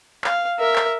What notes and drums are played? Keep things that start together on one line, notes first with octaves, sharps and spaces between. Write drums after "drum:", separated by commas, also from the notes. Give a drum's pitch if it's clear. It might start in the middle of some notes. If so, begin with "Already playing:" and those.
F5, drum: clap
A#4 E5
drum: clap